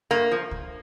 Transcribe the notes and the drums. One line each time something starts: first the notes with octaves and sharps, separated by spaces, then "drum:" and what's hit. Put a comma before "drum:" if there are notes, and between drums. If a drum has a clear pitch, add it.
G2 A#3
F3
drum: kick C#2